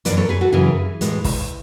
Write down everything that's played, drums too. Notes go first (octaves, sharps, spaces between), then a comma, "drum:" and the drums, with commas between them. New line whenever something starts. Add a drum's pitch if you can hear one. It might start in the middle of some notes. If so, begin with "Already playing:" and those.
F#2 C#3 E3 B4 D5, drum: hi-hat
A4 C#5
G#4 B4
F#4 A4
F#2 C#3 E3 E4 G#4
A2 E3 G#3, drum: hi-hat
drum: kick, open hi-hat